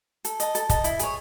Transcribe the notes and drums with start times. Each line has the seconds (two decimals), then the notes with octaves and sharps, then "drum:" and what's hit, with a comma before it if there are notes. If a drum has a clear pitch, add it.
0.25 A4, drum: hi-hat
0.40 D#5 A5, drum: hi-hat
0.55 A4, drum: hi-hat
0.69 D#5 A5, drum: kick, hi-hat
0.84 E4, drum: hi-hat
0.99 G#4 C#5, drum: hi-hat